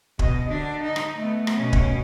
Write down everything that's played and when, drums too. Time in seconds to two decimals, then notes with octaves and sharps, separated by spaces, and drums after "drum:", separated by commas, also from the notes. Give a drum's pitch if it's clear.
0.19 B2 D#5, drum: kick
0.49 D3 D4
0.83 D#4
0.96 drum: rim click
1.18 A3 B3
1.47 drum: rim click
1.56 B2 C#4
1.73 drum: kick